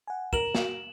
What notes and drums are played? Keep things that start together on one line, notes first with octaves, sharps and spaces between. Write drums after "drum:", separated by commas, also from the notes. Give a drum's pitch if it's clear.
F#5 G#5
A#4 E7 F#7, drum: kick
F#4, drum: snare